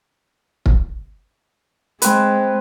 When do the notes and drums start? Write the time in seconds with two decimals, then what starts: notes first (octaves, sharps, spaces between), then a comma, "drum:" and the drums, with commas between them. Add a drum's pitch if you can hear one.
0.66 drum: kick
2.02 G#3 C4 B4, drum: hi-hat